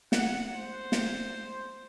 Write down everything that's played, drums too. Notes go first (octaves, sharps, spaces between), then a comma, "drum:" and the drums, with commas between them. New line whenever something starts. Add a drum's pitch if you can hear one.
F#5, drum: snare
C5
drum: snare